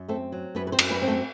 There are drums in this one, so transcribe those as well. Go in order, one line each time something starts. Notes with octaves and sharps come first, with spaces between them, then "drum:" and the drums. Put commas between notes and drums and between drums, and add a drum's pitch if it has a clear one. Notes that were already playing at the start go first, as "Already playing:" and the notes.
Already playing: F#2
A3 C4 A4
F#3
F#2 B3 B4
B4
C4 C5
F#2, drum: cymbal
B3 B4
C4
A3 A4